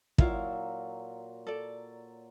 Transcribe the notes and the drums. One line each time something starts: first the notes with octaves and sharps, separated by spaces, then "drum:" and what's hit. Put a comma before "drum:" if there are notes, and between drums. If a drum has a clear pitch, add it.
A#2 F#3 E4 F4, drum: kick
A4 D5